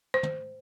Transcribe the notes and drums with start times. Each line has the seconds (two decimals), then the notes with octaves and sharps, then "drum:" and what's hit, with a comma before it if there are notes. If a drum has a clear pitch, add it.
0.14 C5
0.23 drum: tom